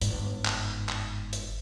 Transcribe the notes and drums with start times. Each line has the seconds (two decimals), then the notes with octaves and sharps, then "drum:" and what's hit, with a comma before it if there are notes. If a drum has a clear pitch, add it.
0.01 G1 G#2, drum: hi-hat
0.45 drum: clap
0.89 drum: clap
1.33 drum: hi-hat